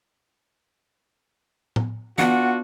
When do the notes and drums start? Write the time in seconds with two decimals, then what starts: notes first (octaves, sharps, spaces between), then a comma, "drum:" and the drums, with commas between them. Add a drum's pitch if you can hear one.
1.76 drum: tom A2
2.18 B3 D4 F4 F#4 F#5, drum: tom